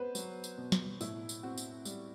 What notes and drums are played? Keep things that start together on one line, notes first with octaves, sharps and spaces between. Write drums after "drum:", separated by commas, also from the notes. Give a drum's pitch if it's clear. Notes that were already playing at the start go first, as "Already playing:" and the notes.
Already playing: B3 B4 C5
F#3, drum: tambourine
drum: tambourine
B2
drum: snare
A2 E4, drum: tambourine
drum: tambourine
C4 F#4
drum: tambourine
G3, drum: tambourine